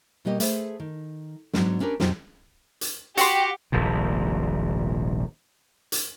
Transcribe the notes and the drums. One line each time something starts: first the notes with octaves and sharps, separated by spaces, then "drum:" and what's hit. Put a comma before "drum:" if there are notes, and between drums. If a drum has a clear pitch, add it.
B2 G3 A#3 G4 D#5
A3 G#4 A4 B4 C5 E5, drum: hi-hat
D#3
G#2 F#3 B3 D4, drum: snare
C#4 D4 G4 A#4 B4
F2 B2 F3 F#3 D#4 G4, drum: snare
drum: hi-hat
F#4 G4 F#5 C6, drum: hi-hat
D#1 A#1 G#2 C3
drum: hi-hat